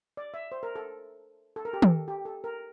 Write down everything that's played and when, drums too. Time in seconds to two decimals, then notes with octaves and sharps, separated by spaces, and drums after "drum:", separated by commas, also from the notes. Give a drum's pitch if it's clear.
0.17 D5
0.34 E5
0.52 C5
0.63 A#4
0.76 A4
1.56 A4
1.65 A#4
1.73 G4
1.82 A4, drum: tom
2.08 G4
2.25 A4
2.44 A#4